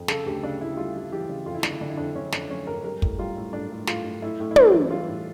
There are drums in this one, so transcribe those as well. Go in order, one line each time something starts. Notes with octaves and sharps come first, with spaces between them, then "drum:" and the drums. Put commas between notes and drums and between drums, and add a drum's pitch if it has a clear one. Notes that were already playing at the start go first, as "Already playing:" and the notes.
Already playing: F2
C#3 A4, drum: snare
D2 G4
C#3 D4
D2 E4
G3 F4
G3
E3 G4
C#3
F2 F4
E4
D3 D4, drum: snare
E4
D3 D4
E4
F2 D4
D3 C#4
F2 D4, drum: snare
F2 C#4
F2 A#4
G3 A#4
A2, drum: kick
G3 F4
A2
A2 D4
A2
A2 F4, drum: snare
A2
A2 E4
A2
E4
A2 D4, drum: tom
E3
G3 F4
A2